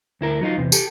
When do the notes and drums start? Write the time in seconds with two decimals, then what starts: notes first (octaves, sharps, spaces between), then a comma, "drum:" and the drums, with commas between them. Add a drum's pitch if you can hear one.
0.21 D2 E4 A#4
0.41 F#3 D#4 F4
0.57 E2 C3
0.72 G4 A4, drum: tambourine